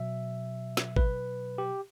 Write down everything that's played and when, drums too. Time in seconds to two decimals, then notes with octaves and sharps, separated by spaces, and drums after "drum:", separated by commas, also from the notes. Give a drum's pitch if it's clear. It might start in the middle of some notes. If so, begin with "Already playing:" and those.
Already playing: B2 F#3 E5
0.77 drum: snare
0.96 B4, drum: kick
1.58 G4